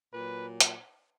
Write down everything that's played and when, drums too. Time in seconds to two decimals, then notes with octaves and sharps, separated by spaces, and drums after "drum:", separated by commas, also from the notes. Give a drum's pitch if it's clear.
0.13 A#2 F#3 B4
0.60 drum: hi-hat